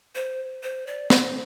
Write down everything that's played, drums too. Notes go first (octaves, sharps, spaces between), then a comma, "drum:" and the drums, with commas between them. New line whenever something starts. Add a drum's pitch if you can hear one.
C5
C5
D5
C5, drum: snare